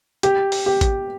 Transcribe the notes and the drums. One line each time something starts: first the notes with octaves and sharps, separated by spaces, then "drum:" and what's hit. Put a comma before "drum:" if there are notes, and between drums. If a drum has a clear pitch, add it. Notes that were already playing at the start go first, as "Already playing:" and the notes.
G4, drum: hi-hat
drum: open hi-hat
G4
drum: kick A1, hi-hat